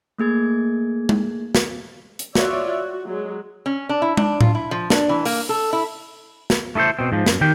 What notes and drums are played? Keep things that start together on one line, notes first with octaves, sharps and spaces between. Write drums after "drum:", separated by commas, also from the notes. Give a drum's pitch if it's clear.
A3 A#3 G#4 G#6
drum: tom
drum: snare
drum: hi-hat
F4 F#4 C#5 D5 E5, drum: snare
F#4
F#3 G#3
C#4
D4
E4
D4, drum: tom
F4, drum: tom A2
E4
F3
D4, drum: snare
E3
A#3, drum: open hi-hat
A4
E4
drum: snare
A3 E4 G#4 A4 C5
B2 C4
G#2 F3
F#2, drum: snare
D#3 G4 G5